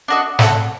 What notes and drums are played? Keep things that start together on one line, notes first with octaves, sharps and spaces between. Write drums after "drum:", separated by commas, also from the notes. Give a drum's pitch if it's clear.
D4 F#4 A#4 D#5
C4 F#4 A4, drum: snare